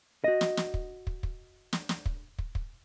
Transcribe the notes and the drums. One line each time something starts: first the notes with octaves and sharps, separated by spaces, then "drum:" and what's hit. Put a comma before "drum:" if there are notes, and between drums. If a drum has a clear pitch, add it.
F#4 D#5
drum: snare
drum: snare
drum: kick
drum: kick
drum: kick
drum: snare
drum: snare
drum: kick
drum: kick
drum: kick